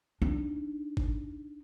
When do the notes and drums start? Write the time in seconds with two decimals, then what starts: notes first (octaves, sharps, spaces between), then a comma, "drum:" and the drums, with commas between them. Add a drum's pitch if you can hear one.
0.22 D4 D#4
0.97 drum: kick G1